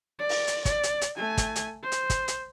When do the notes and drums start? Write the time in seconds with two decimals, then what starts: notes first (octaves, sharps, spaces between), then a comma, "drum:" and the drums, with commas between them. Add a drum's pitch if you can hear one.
0.19 D5
0.29 drum: open hi-hat
0.47 drum: hi-hat
0.65 D5, drum: kick, hi-hat
0.83 drum: hi-hat
1.01 drum: hi-hat
1.16 A3 G#5
1.37 drum: kick, hi-hat
1.56 drum: hi-hat
1.83 C5
1.92 drum: hi-hat
2.10 drum: kick, hi-hat
2.28 drum: hi-hat